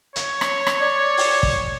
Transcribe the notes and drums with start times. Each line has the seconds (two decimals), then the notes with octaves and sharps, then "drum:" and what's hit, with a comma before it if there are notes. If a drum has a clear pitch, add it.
0.16 C#5, drum: hi-hat
0.41 drum: rim click
0.67 drum: rim click
0.81 D5
1.17 drum: open hi-hat
1.43 drum: kick